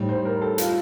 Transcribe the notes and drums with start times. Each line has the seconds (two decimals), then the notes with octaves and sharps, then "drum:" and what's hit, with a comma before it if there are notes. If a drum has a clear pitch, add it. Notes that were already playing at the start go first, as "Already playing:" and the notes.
Already playing: A2 G3 C4 D#4
0.09 C5
0.25 A#4
0.42 A4
0.58 F4, drum: hi-hat